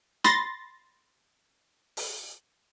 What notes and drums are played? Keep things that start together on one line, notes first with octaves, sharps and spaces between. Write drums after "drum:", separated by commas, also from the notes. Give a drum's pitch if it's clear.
B5 C6 A6 A#6, drum: snare
drum: open hi-hat